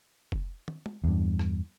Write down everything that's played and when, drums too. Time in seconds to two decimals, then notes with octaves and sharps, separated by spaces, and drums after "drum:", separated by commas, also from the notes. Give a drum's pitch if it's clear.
0.32 drum: kick F1
0.68 drum: tom
0.86 drum: tom G#3
1.04 E2 G2
1.39 drum: rim click